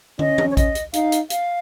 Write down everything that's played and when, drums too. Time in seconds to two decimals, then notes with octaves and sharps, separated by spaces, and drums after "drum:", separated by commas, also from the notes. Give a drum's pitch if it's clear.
0.19 C#4 D#5, drum: tom
0.38 drum: tom
0.51 C#5
0.57 D#5, drum: kick A1, hi-hat
0.75 drum: hi-hat
0.94 D#4 F5, drum: hi-hat
1.12 drum: hi-hat
1.30 F5, drum: hi-hat